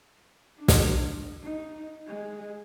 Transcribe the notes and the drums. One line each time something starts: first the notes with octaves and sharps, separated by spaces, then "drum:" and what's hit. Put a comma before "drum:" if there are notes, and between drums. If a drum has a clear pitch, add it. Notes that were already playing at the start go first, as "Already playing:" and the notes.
D4
drum: snare
D#4
G#3